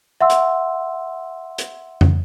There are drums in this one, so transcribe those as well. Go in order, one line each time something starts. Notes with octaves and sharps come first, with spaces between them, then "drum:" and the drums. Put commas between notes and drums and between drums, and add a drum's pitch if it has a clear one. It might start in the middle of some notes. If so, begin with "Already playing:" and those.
E5 F#5 C6 E6
drum: hi-hat
drum: hi-hat
drum: tom F2